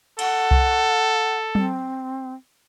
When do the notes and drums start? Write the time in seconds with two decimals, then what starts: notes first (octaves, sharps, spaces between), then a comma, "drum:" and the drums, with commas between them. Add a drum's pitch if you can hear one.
0.19 A4 F#5, drum: cymbal
0.51 drum: kick C2
1.55 C4, drum: tom F#3